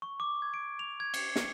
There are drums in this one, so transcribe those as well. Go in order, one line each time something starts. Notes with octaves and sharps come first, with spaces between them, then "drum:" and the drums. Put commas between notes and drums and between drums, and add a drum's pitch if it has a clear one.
C#6
D6
G#6
D7
F7
G#6
C#7, drum: cymbal
C#7, drum: snare